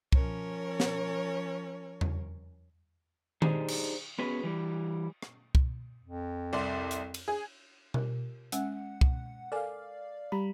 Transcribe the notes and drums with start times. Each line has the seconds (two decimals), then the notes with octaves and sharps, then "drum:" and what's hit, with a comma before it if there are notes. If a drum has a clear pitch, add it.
0.12 F3 C#4 A#4 C#5, drum: kick C2
0.80 drum: snare
2.01 drum: tom E2
3.42 D4 D#4 G4 G#4 C5, drum: tom D#3
3.68 drum: cymbal
4.19 B3 C#4 F#4 G#4 B4
4.43 E3 G3
5.22 drum: rim click
5.55 drum: kick C2
6.04 F2
6.53 C2 D5 C6
6.91 drum: hi-hat
7.14 drum: cymbal
7.28 G#4
7.94 F4 G4 A#4, drum: tom B2
8.52 G#3 C#4 F#5, drum: hi-hat
9.01 drum: kick C2
9.52 A4 A#4 D5 F5 G#5
10.32 G3 A#5 B5